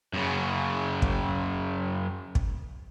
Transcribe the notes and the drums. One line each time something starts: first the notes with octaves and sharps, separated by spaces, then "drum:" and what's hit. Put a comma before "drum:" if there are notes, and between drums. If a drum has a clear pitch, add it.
F#2 C#3
drum: kick
drum: kick